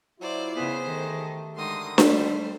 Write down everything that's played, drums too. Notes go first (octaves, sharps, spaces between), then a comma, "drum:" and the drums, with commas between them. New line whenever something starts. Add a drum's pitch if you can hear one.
F#3 E4 F4 C5 D5
C#3 B3 G#4 C5
D#3 A3 G4 A4
D3 D#3 G#3 D#4 C6 D#6
G3 A3 C5, drum: snare D4